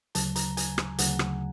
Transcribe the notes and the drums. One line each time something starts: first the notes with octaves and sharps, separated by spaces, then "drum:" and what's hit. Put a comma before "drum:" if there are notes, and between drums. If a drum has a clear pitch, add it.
D2 C#3 F#3 A5, drum: hi-hat
A#5, drum: hi-hat
G#5, drum: hi-hat
drum: rim click
D2 C#3 F#3 F#5, drum: hi-hat
drum: rim click